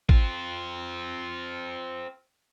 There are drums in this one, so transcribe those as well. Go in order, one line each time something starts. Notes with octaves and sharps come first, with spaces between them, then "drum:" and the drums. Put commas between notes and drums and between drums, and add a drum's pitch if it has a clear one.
C4 F4, drum: kick